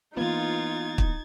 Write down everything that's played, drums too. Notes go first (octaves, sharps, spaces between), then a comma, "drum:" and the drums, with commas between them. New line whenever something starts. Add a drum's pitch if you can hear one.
E3 A#3 B3 D#4 F4 G#6 A6
drum: kick